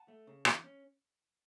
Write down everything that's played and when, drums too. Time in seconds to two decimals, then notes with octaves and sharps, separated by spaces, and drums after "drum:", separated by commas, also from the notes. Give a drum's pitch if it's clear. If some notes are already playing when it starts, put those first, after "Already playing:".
Already playing: F#5 A5
0.08 A3
0.27 C#3
0.45 E2, drum: rim click
0.64 C#4